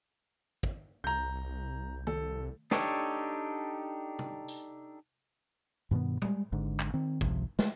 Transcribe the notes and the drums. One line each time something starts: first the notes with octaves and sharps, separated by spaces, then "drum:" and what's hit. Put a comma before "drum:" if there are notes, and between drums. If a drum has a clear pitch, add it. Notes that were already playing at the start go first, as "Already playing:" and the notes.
drum: kick
C2 A#5 G6
A4, drum: tom
D4 D#4 G4 A4 C#5, drum: snare
drum: tom
drum: tambourine
G2 B2 D#3 B3
G3 G#3, drum: tom
G#1 G#2 D3
drum: clap
D#3 C4
G#1 C#2 C3 F3, drum: kick
G#3 A3, drum: snare